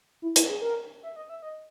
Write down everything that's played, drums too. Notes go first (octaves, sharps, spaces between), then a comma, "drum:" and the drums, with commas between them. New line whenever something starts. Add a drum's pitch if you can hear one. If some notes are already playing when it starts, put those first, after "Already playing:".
E4
E4, drum: hi-hat
G#4
A#4
E5
D#5
E5
D#5